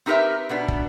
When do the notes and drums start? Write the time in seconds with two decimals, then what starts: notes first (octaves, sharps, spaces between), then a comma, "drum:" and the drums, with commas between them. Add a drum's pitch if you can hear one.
0.06 C4 D#4 G4 A#4 B4 E5
0.49 B2 B3 D4
0.68 drum: kick